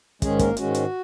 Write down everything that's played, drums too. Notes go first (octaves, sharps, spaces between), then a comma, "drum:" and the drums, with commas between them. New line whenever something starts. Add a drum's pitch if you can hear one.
G#2 D#3 G#3 C#4 G#4, drum: kick, hi-hat
A#3 A#4, drum: kick, hi-hat
G#2 D#3 G#3 C#4 F#4, drum: hi-hat
drum: hi-hat